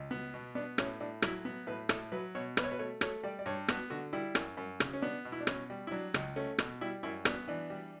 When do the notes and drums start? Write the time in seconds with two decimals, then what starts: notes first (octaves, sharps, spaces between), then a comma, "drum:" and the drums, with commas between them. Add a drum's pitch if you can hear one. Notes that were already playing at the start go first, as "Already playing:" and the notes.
Already playing: C#2
0.11 B3
0.34 B2
0.55 B3 D4
0.78 A2 C#4, drum: rim click
1.00 A2 D4
1.22 F#3 E4, drum: rim click
1.45 B3
1.67 A2 B4
1.89 A2 A4, drum: rim click
2.12 F#3 B4
2.35 B2 C#5
2.57 B2 B4, drum: rim click
2.64 C#5
2.72 B4
2.79 A3 C#5
3.01 A3 C#5, drum: rim click
3.23 G3 D5
3.39 D5
3.46 G2 C#5
3.68 B3 F#4, drum: rim click
3.90 D3 F#4
4.13 G3 E4
4.35 F#2, drum: rim click
4.57 F#2
4.80 C#3, drum: rim click
4.93 C#4
5.02 B3 D4
5.25 B2
5.32 E4
5.40 D4
5.47 B2 C#4, drum: rim click
5.70 G3
5.87 E4
5.91 F#3 D4
6.14 C#2, drum: rim click
6.36 A3 C#4
6.59 B2, drum: rim click
6.81 G3 E4
7.03 F#2 E4
7.25 B3 D4, drum: rim click
7.48 E3 D4
7.70 G3